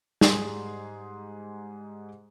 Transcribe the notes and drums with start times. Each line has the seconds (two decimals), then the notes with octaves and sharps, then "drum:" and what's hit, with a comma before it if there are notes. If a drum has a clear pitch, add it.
0.21 G#2 G3 G#4 C6 D#6, drum: snare